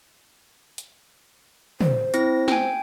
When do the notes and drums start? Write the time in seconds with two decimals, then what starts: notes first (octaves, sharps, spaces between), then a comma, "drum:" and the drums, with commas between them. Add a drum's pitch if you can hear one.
0.78 drum: hi-hat
1.81 C5, drum: tom
2.14 C4 E4 A#6, drum: hi-hat
2.48 G5 G#5, drum: snare